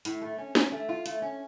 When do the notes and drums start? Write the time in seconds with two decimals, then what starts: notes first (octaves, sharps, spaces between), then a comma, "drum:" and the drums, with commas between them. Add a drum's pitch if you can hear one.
0.05 A2, drum: hi-hat
0.22 A3
0.38 C#4
0.55 C#4, drum: snare
0.72 A3
0.89 F4
1.06 A3, drum: hi-hat
1.22 C#4